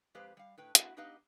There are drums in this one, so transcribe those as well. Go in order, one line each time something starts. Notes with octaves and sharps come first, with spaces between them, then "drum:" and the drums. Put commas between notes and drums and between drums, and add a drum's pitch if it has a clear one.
F2 G#3 G4 B4 C5 F5
G3 F5
A2 B4 G5
B3 E4 F#4, drum: hi-hat
B3 D#4 G4 B4 D#5 F5